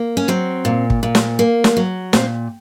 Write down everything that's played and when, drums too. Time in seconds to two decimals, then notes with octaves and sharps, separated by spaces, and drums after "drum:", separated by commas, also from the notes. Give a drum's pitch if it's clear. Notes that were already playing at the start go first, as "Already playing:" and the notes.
Already playing: A#3
0.17 C#4
0.28 F#3 C4
0.65 A#2
0.90 drum: kick
1.03 A#2
1.15 drum: snare
1.39 A#3
1.64 drum: snare
1.77 F#3
2.13 A#2 C4, drum: snare